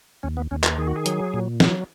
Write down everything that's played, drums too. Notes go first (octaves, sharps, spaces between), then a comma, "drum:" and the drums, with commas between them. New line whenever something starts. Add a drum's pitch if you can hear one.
D#2 C#4
B3
D#2 C#4
A#4, drum: clap
D#3 G#4
F#4
G#4
F#3, drum: hi-hat
A#2
F#3, drum: snare